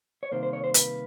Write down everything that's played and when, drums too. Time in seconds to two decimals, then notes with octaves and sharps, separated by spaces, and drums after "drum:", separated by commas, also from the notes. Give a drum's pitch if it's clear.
0.23 C#5
0.32 C2 C3 D#3 A#3 C5
0.43 C5
0.53 C#5
0.64 C5
0.74 B4, drum: hi-hat